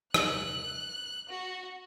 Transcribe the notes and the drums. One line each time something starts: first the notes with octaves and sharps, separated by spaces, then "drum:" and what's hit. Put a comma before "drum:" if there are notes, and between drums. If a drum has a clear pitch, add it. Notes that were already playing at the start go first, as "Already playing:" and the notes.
F#6, drum: rim click
F#4